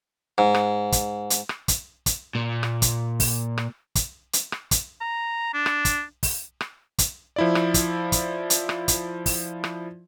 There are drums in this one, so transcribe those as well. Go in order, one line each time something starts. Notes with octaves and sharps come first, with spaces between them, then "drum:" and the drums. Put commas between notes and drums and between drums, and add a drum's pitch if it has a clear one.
G#2
drum: rim click
drum: kick, hi-hat
drum: hi-hat
drum: rim click
drum: kick, hi-hat
drum: kick, hi-hat
A#2
drum: rim click
drum: kick, hi-hat
drum: kick, open hi-hat
drum: rim click
drum: kick, hi-hat
drum: hi-hat
drum: rim click
drum: kick, hi-hat
A#5
D4
drum: rim click
drum: kick, hi-hat
drum: kick, open hi-hat
drum: rim click
drum: kick, hi-hat
F3 E4 D5
drum: rim click
drum: kick, hi-hat
drum: kick, hi-hat
drum: hi-hat
drum: rim click
drum: kick, hi-hat
drum: kick, open hi-hat
drum: rim click